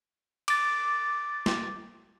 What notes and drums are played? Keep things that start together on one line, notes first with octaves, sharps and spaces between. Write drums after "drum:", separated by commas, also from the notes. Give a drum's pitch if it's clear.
D6 A6, drum: cymbal
drum: snare